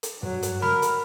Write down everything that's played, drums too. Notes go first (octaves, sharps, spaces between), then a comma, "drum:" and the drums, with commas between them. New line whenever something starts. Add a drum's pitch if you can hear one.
drum: hi-hat
G2 F#3
drum: hi-hat
A#4 B5 F6, drum: snare
drum: hi-hat